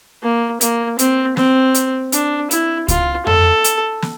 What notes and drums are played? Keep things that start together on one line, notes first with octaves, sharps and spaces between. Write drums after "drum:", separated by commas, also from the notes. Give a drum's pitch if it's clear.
A#3
A#3, drum: hi-hat
C4, drum: hi-hat
C4, drum: snare
drum: hi-hat
D4, drum: hi-hat
E4, drum: hi-hat
F4, drum: kick C#2, hi-hat
A4, drum: tom F2
drum: hi-hat
drum: snare